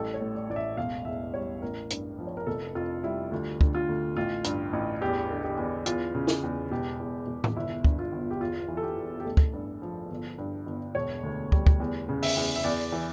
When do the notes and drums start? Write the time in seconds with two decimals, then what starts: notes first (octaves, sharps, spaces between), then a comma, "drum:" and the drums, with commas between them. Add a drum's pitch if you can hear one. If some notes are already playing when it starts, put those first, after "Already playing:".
Already playing: A1 G3 A4
0.14 C#5
0.21 A2
0.35 D5
0.49 A1 D5
0.56 E5
0.77 E1 F5
1.05 E2 E5
1.34 G3 C#5
1.62 A1 A#4
1.90 G2, drum: hi-hat
2.19 F3
2.27 C#5
2.37 A#4
2.47 F1 A4
2.75 F2 F4
3.03 G3 E4
3.31 D2 F4
3.61 D3, drum: kick
3.75 F4
3.89 D2
4.17 A1 F4
4.44 G2, drum: hi-hat
4.73 A1
5.01 E2 G4
5.30 D3
5.44 G4
5.57 E2
5.86 E2 F4, drum: hi-hat
6.15 C#3
6.27 drum: snare
6.43 E2
6.72 E1 G4
7.00 E2
7.27 E1
7.44 drum: tom A2
7.56 G1 E4
7.85 G2, drum: kick
7.99 F4
8.12 G1
8.31 G4
8.40 E2 F4
8.68 E3
8.77 A4
8.82 G4
8.97 E2
9.20 G4
9.25 A1 A4
9.37 drum: kick
9.53 G2
9.82 F3
10.10 G1
10.38 G2
10.66 G1
10.95 E1 C#5
11.23 D2
11.52 G3, drum: kick
11.66 drum: kick
11.80 E2
12.09 C#3
12.23 E5, drum: open hi-hat
12.37 E2
12.56 E5
12.64 E2 D5
12.92 E3